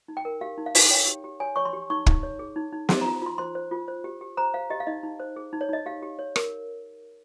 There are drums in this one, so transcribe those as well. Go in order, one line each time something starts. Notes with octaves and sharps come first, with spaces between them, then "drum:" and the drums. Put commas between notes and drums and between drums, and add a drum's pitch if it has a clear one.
D#4
G5
A#4
G4 F5
D#4
F5
D#4, drum: open hi-hat
C#5 G5
G4
G4
C#5 G#5
C#5 C#6
C6
G4
D#4 C#6
D#4, drum: kick
C#5
G#4
D#4
D#4
C5 C6, drum: snare
A#5
F4
F4 C6
C5 C6
C5
F4
C5
G4
G4
C5 A#5
C5 F5
G4 D#5
F5
D#4 D#5
D#4
C5
G#4
D#4
C#5
D#4 D#5
G4 F5
G4
C#5
A#4, drum: rim click